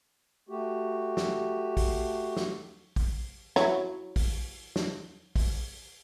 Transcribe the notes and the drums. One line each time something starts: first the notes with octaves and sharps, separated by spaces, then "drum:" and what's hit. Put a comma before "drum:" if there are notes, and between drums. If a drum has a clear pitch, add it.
A3 F#4 G4
drum: snare
drum: kick A1, open hi-hat
drum: snare
drum: kick A1, open hi-hat
F#3 E4 C#5, drum: snare
drum: kick A1, open hi-hat
drum: snare
drum: kick A1, open hi-hat